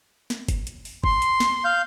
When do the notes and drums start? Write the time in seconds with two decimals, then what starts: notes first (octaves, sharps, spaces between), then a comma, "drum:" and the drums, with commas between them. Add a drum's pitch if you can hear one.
0.30 drum: snare
0.48 drum: kick G1, hi-hat
0.67 drum: hi-hat
0.85 drum: open hi-hat
1.04 C6, drum: kick G1
1.22 drum: hi-hat
1.40 drum: snare
1.64 F5 G6